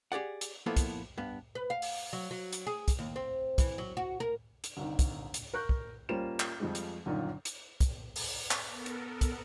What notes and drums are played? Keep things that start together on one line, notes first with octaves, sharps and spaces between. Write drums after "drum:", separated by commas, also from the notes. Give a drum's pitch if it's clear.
G4 G#4 D5 F#5
drum: hi-hat
F3 A#3 B3 E4 A4
drum: kick, hi-hat
G2 B3
B4
F5
drum: open hi-hat
F#3
F#3
drum: hi-hat
G#4
drum: kick, hi-hat
D#2
C4
E3, drum: kick, hi-hat
F#3
F#4
A#4
drum: hi-hat
G1 C2 D#3
drum: kick, hi-hat
drum: hi-hat
A#4 C#6 F#6 G6
drum: kick
G3 A#3 C#4 F4 C5 E7
drum: clap
F2 F3 G3 G#3
drum: hi-hat
G1 F#2 A#2 D#3
drum: hi-hat
drum: kick, hi-hat
drum: open hi-hat
drum: clap
B3 A4 A#4
drum: hi-hat
drum: kick, hi-hat